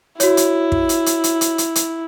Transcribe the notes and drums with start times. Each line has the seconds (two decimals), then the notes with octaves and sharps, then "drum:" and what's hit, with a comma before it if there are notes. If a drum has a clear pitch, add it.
0.20 E4 F#4 C#5, drum: hi-hat
0.37 drum: hi-hat
0.72 drum: kick
0.89 drum: hi-hat
1.06 drum: hi-hat
1.24 drum: hi-hat
1.41 drum: hi-hat
1.58 drum: hi-hat
1.76 drum: hi-hat